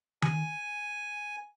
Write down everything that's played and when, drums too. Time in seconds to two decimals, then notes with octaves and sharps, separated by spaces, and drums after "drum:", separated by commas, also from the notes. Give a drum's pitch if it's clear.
0.22 G#5, drum: tom D#3